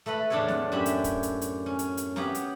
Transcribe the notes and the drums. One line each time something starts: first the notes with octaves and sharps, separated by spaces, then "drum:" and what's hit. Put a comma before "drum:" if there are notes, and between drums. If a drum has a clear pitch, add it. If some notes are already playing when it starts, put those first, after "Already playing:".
A3 A4 B4 B5
E2 A2 D4 A4 B4 C#5
drum: snare
F#2 G4 E5 B5
drum: hi-hat
drum: kick, hi-hat
drum: hi-hat
drum: hi-hat
C#4
drum: hi-hat
drum: hi-hat
B3 G4 C#5 F5 A#5, drum: snare
drum: hi-hat